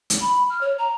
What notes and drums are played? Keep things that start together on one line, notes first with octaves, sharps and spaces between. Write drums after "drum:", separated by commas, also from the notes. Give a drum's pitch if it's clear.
drum: hi-hat
B5
F6
C#5
A#5